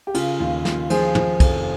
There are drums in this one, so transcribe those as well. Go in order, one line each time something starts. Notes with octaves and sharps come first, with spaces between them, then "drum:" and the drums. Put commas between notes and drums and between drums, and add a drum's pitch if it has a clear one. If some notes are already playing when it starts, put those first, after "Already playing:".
G4
C#3 F4, drum: cymbal
D#2 F4
D#2 F4, drum: snare
F3 G#4 C5, drum: cymbal
F3, drum: tom
F1, drum: kick, cymbal